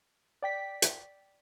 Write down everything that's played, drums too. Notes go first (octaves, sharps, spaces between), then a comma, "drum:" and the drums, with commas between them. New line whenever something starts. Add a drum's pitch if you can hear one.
D5 G5 B6
drum: hi-hat